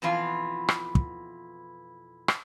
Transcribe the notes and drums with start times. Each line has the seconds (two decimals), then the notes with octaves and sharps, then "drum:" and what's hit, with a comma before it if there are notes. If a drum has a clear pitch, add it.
0.02 F2 B2 E3 F4
0.68 drum: rim click
0.95 drum: kick
2.28 drum: rim click